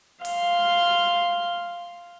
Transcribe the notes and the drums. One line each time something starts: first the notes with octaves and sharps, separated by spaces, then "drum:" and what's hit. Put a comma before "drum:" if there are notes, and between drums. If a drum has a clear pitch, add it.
F5 C6, drum: open hi-hat